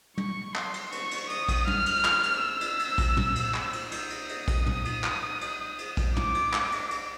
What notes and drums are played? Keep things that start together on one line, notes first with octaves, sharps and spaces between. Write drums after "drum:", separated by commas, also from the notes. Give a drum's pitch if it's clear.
C#6, drum: tom
C6, drum: clap
drum: cymbal
C#6, drum: cymbal
drum: cymbal
D#6, drum: cymbal
drum: kick A#1, cymbal
F6, drum: tom
drum: cymbal
drum: clap
drum: cymbal
E6
drum: cymbal
drum: cymbal
drum: kick A#1, cymbal
drum: tom
drum: cymbal
drum: clap
drum: cymbal
D#6, drum: cymbal
drum: cymbal
drum: cymbal
drum: kick A#1, cymbal
drum: tom
drum: cymbal
drum: clap
drum: cymbal
drum: cymbal
drum: kick A#1, cymbal
D6, drum: tom
drum: cymbal
drum: clap
drum: cymbal
drum: cymbal